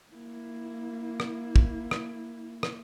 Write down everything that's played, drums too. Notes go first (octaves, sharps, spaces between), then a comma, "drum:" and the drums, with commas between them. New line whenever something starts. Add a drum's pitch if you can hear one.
A#3 E4
drum: rim click
drum: kick
drum: rim click
drum: rim click